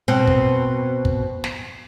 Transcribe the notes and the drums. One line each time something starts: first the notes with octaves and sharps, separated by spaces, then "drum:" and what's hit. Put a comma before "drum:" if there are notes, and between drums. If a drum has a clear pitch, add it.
B2 C4
drum: kick
drum: kick
drum: snare